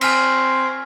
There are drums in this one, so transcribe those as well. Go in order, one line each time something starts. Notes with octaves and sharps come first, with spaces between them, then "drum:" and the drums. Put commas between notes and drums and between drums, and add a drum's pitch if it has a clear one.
C4 G#5 F6 B6, drum: cymbal